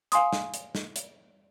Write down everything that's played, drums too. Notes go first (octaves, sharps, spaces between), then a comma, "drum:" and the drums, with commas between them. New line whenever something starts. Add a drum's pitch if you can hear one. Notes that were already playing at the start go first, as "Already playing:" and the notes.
F5 G#5 C6 D#6, drum: hi-hat
drum: snare
drum: hi-hat
drum: snare
drum: hi-hat